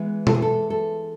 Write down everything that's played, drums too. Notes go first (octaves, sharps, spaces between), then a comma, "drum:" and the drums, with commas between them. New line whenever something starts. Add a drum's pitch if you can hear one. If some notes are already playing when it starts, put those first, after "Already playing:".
Already playing: E3 G#3 B3
A4, drum: tom B2
G#4
A4
A4